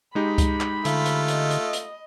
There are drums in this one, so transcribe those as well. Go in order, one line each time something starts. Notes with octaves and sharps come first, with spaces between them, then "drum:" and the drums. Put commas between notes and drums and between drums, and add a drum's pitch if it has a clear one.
G#3 D#4 G4 B5
drum: kick C#2, hi-hat
drum: clap
D3 A3 F4, drum: hi-hat
drum: hi-hat
D#5, drum: hi-hat
drum: hi-hat
drum: hi-hat